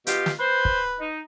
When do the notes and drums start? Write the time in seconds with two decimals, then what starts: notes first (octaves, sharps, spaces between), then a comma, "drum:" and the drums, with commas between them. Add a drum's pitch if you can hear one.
0.07 B2 F4 G4, drum: hi-hat
0.26 drum: snare
0.39 B4 C5
0.65 drum: kick
1.00 D#4